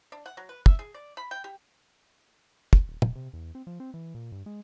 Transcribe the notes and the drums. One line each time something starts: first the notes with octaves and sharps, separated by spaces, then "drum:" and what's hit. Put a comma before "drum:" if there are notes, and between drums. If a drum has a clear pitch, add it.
D4
F#5
F#3
B4
E5, drum: kick
G#4
D5
B5
G5
G4
drum: kick
D#1
E1, drum: tom
C3
E2
C4
F3
C4
E3
A#2
G2
G#3